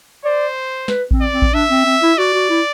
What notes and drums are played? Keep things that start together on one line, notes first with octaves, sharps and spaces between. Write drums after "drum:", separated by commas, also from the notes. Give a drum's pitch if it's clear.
C5 D5
B4, drum: snare
C4, drum: kick A1
D5
C4
drum: kick A1
D4 E5
C4
C4
E4
F#4 D5
F#4
E4